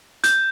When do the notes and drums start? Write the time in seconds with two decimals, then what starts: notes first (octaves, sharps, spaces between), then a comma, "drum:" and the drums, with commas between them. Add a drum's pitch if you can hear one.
0.24 G6, drum: hi-hat